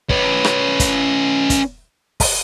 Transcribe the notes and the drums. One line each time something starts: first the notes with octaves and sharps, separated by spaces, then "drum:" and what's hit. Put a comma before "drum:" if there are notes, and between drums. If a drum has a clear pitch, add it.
C#4 B4, drum: kick
drum: rim click
drum: kick, hi-hat
drum: kick, hi-hat
drum: kick, open hi-hat